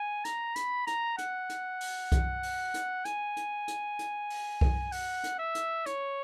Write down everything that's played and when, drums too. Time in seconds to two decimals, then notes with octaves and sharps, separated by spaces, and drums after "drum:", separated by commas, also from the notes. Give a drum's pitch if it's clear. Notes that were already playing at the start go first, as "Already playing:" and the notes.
Already playing: G#5
0.25 A#5, drum: hi-hat
0.56 B5, drum: hi-hat
0.87 A#5, drum: hi-hat
1.18 F#5, drum: hi-hat
1.49 drum: hi-hat
1.81 drum: open hi-hat
2.12 drum: kick C2, hi-hat
2.43 drum: open hi-hat
2.74 drum: hi-hat
3.05 G#5, drum: hi-hat
3.37 drum: hi-hat
3.68 drum: hi-hat
3.99 drum: hi-hat
4.30 drum: open hi-hat
4.61 drum: kick C2
4.92 F#5, drum: open hi-hat
5.24 drum: hi-hat
5.39 E5
5.55 drum: hi-hat
5.86 C#5, drum: hi-hat